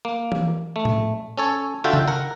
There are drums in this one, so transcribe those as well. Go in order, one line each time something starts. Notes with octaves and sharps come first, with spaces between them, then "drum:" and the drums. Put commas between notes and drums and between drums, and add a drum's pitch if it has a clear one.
A#3
drum: tom E3
A3
drum: tom A2
C#4 A4 C#5
D3 F4 F#4 A4 E5 G5
drum: tom C#3
A#4 F#5